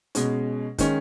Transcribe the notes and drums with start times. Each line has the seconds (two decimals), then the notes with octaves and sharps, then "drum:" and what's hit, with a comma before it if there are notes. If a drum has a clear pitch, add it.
0.15 B2 G#3 C#4, drum: hi-hat
0.78 D#3 G#3 C#4, drum: kick, hi-hat